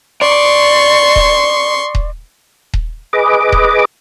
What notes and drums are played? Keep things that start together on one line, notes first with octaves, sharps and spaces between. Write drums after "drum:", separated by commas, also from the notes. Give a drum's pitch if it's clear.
D5 C6 C#6
drum: kick D#1
drum: kick D#1
drum: kick D#1
G#4 B4 D#5 D6
drum: kick D#1